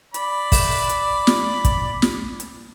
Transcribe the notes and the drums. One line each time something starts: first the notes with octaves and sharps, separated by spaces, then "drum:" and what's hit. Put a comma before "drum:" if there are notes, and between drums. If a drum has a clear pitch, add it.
D5 B5, drum: hi-hat
drum: kick, open hi-hat
drum: hi-hat
drum: snare
drum: kick, hi-hat
drum: snare
drum: hi-hat